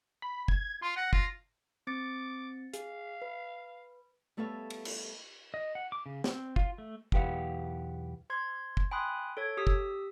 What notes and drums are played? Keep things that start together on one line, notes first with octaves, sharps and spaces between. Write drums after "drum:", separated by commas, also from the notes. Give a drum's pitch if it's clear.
B5
G#6, drum: kick
F4 C6
F#5 A#6
F4, drum: kick
C4 D6 A6 C#7
G#4 F5, drum: hi-hat
B4
G3 A3 B3 A4 C#5 F5
drum: cymbal
drum: cymbal
D#5
F#5
D6
C#3
C4, drum: snare
F4, drum: kick
A3
B1 E2 G4 B4 F5 F#5, drum: kick
C5 C6 G#6
drum: kick
G5 G#5 B5 C6 D#6 F#6
A4 C#5 G#6
G4 D#6 E6 B6
drum: kick